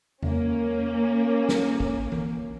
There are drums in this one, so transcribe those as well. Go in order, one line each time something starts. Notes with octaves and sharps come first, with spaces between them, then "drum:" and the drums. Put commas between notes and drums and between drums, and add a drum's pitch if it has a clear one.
A#3 C#4, drum: tom E2
drum: snare
drum: kick
drum: tom E3